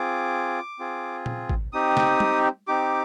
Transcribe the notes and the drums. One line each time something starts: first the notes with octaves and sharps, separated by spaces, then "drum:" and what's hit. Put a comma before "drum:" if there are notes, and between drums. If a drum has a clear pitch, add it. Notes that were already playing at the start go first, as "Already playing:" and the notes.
Already playing: C4 F4 G#4 D6
C4 F4 G#4
drum: tom A#2
drum: kick A1
C4 D#4 G4 D#6
drum: snare
drum: tom
C4 D#4 G4 D6